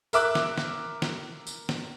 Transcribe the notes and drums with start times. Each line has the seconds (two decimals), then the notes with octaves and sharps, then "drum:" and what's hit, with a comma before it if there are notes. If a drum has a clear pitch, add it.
0.13 A#4 E5 D6 F#6, drum: tambourine
0.35 drum: snare
0.58 drum: snare
1.02 drum: snare
1.47 drum: tambourine
1.69 drum: snare